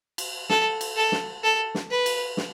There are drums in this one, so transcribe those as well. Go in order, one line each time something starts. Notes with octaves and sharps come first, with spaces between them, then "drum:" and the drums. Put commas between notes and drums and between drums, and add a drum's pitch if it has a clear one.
drum: cymbal
A4, drum: snare
drum: cymbal
A4
drum: snare
A4
drum: snare
B4
drum: cymbal
drum: snare